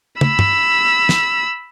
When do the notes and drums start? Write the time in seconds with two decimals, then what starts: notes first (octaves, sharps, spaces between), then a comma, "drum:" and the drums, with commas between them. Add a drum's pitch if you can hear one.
0.21 B5 E6, drum: tom
0.39 drum: tom
1.09 drum: snare